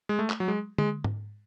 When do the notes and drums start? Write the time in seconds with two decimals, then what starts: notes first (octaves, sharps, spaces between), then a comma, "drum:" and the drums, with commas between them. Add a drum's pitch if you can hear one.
0.09 G#3
0.19 A3
0.30 drum: clap
0.40 F#3
0.48 G#3
0.78 G#3, drum: tom D3
1.04 drum: tom G#2